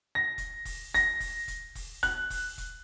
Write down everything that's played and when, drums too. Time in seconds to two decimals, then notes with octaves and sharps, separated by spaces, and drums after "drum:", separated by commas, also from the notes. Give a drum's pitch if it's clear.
0.15 A#6
0.38 drum: kick E1, hi-hat
0.65 drum: kick E1, open hi-hat
0.94 A#6, drum: kick E1, hi-hat
1.20 drum: kick E1, open hi-hat
1.48 drum: kick E1, hi-hat
1.75 drum: kick E1, open hi-hat
2.03 F#6, drum: kick E1, hi-hat
2.30 drum: kick E1, open hi-hat
2.58 drum: kick E1, hi-hat